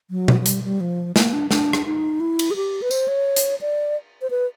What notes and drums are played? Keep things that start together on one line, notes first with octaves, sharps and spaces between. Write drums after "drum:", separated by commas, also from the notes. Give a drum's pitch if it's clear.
F#3
drum: tom B2
F#3
G3, drum: hi-hat
G3
F3
A#3, drum: snare
D4
D4, drum: snare
drum: rim click
D#4
E4
drum: cymbal
G#4
G4
B4
C5, drum: tambourine
C#5
drum: hi-hat
D5
C5
B4